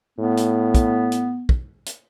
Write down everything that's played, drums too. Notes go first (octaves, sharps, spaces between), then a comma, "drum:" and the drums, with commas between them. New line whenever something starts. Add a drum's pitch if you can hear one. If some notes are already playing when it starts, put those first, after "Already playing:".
A2 B3
drum: hi-hat
drum: kick, hi-hat
drum: hi-hat
drum: kick
drum: hi-hat